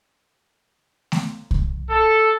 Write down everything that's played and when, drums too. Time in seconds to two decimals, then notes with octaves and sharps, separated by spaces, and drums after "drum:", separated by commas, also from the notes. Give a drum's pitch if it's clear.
1.12 drum: snare A3
1.51 drum: kick C2
1.90 A4